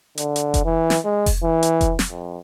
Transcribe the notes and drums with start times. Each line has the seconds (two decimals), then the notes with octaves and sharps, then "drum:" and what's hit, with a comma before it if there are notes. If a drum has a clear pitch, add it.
0.18 D3, drum: hi-hat
0.36 drum: hi-hat
0.54 drum: kick F1, hi-hat
0.65 E3
0.90 drum: snare
1.04 G#3
1.26 drum: kick F1, open hi-hat
1.43 E3
1.63 drum: hi-hat
1.81 drum: kick F1, hi-hat
1.99 drum: snare
2.10 F2